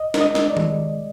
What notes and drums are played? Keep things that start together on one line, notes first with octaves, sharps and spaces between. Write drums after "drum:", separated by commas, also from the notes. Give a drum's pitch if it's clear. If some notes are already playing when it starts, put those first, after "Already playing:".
Already playing: C2 D#5
G#3, drum: snare
D#5
G#3, drum: snare
D5
G#3, drum: tom D#3
C2